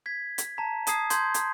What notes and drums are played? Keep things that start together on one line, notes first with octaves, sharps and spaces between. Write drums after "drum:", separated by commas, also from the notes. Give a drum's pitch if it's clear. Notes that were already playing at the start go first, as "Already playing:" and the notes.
G#6 B6
drum: hi-hat
A5 A#5 B6
A5 D#6 G#6 C7, drum: hi-hat
C6 G6 G#6, drum: hi-hat
drum: hi-hat